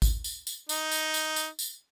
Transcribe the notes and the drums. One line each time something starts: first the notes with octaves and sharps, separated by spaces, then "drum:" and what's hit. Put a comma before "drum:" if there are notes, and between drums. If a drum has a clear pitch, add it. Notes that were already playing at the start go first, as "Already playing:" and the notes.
drum: kick G#1, tambourine
drum: tambourine
drum: tambourine
D#4, drum: tambourine
drum: tambourine
drum: tambourine
drum: tambourine
drum: tambourine